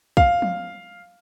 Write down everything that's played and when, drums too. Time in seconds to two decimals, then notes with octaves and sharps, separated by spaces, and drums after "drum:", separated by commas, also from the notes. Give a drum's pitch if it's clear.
0.17 F5, drum: kick
0.42 drum: tom F3